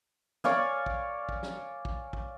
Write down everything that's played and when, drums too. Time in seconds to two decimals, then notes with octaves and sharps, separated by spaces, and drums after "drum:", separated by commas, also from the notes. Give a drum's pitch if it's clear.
0.44 C#5 D5 F5 G#5, drum: snare
0.86 drum: kick
1.29 drum: kick
1.43 drum: snare
1.85 drum: kick
2.13 drum: kick